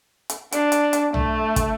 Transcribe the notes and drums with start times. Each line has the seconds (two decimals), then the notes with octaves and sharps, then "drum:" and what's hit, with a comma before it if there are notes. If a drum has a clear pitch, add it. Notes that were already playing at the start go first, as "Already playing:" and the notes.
0.30 drum: hi-hat
0.52 D4, drum: hi-hat
0.72 drum: hi-hat
0.93 drum: hi-hat
1.14 A3, drum: tom
1.56 drum: kick, hi-hat